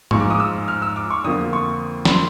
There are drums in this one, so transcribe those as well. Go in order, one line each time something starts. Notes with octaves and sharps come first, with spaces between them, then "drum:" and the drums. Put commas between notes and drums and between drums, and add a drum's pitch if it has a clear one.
G#2 F3 G#3 C#6, drum: tom G#2
D6
D#6
E6
F6
E6
D6
C#6
F2 D3 F3 A#3 D#6
C#6
B5, drum: snare
C6